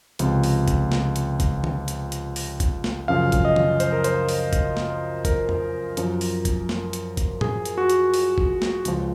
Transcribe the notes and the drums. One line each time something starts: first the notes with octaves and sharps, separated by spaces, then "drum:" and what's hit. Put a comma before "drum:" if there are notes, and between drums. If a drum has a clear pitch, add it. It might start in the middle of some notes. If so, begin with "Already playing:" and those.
C#2 C3 F3, drum: hi-hat
drum: open hi-hat
drum: kick, hi-hat
drum: snare
drum: hi-hat
drum: kick, hi-hat
drum: tom
drum: hi-hat
drum: hi-hat
drum: open hi-hat
drum: kick, hi-hat
drum: snare
F#2 C#3 F3 F5
drum: kick, hi-hat
D#5
drum: tom
C5, drum: hi-hat
A#4
C5, drum: hi-hat
drum: open hi-hat
drum: kick, hi-hat
drum: snare
A#4, drum: kick, hi-hat
drum: tom F2
F#2 F3, drum: hi-hat
drum: open hi-hat
drum: kick, hi-hat
drum: snare
drum: hi-hat
drum: kick, hi-hat
G#4, drum: tom
drum: hi-hat
F#4
drum: hi-hat
drum: open hi-hat
drum: kick
drum: snare
C#2 C#3 F3, drum: hi-hat